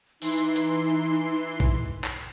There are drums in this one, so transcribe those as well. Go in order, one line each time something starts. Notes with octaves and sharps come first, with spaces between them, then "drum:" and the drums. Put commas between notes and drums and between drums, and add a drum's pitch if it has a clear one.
E3 D#4 C6, drum: open hi-hat
drum: hi-hat
drum: kick A#1
drum: clap